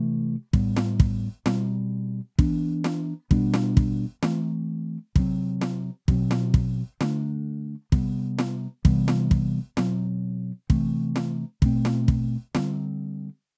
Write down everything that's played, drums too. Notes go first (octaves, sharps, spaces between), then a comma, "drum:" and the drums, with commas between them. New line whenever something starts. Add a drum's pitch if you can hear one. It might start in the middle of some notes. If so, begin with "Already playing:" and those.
Already playing: C3 E3 A3
A2 G3 B3, drum: kick
drum: snare
drum: kick
B2 G3 C4, drum: snare
E3 B3 D4, drum: kick
drum: snare
B2 G3 B3 D4, drum: kick
drum: snare
drum: kick
E3 A3 C4, drum: snare
C3 F#3 C4, drum: kick
drum: snare
B2 F#3 C4, drum: kick
drum: snare
drum: kick
D3 A3 D4, drum: snare
C3 G3 B3, drum: kick
drum: snare
C3 E3 G3 B3, drum: kick
drum: snare
drum: kick
B2 F#3 C4, drum: snare
C3 E3 A3 C4, drum: kick
drum: snare
B2 A3 C4, drum: kick
drum: snare
drum: kick
D3 G3 C4, drum: snare